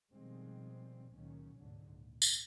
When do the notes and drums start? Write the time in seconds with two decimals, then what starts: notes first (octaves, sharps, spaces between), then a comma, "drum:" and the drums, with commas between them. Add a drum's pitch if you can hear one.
0.11 B2 D#3 F3 G3 G#3 C4
1.12 C#2 A#2 D#3 F#3 C#4
1.55 D2 G#2 B2 D3 F#3
1.86 C#2 A#2
2.22 drum: tambourine